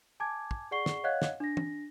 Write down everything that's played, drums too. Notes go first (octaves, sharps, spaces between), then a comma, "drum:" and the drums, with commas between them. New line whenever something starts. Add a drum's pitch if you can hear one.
G#5 A5 D6 G#6
drum: kick
G#4 D5 F#5 C#6 C7 G7
drum: snare
C#5 D#5 F5 F#5 F#6 G#6
drum: snare
D4 A#6
drum: tom